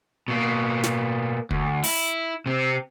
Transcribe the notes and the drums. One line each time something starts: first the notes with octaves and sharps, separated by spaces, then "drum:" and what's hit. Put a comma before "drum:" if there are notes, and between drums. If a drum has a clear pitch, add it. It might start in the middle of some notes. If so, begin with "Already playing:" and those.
B2 A#3
drum: snare
D2, drum: kick
E4, drum: open hi-hat
C3 C4